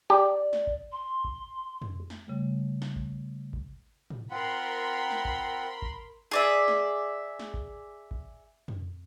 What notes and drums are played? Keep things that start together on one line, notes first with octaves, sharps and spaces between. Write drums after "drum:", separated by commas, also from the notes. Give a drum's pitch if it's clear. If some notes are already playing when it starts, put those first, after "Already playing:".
G4 D5
drum: snare
drum: kick G#1
C6
drum: kick G#1
drum: tom
drum: snare
C#3 G3 A3
drum: snare
drum: kick G#1
drum: kick G#1
drum: tom
C4 F4 A#4 F#5 B5 C6
drum: snare
drum: kick G#1
drum: kick G#1
G#4 D5 E5
drum: snare
drum: snare
drum: kick G#1
drum: kick G#1
drum: tom